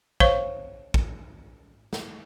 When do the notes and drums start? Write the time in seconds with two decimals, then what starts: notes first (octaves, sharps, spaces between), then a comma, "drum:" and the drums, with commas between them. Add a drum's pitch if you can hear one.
0.20 C5 C#5 F5 C#6, drum: kick A1
0.94 drum: kick A1
1.93 drum: snare